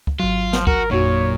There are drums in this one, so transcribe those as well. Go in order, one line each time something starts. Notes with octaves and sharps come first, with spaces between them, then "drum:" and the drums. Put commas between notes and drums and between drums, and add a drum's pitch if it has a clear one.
drum: kick
G#1 F#3 F4
F3, drum: snare
F#4 A#4, drum: kick
F2 A#2 F#4 C#5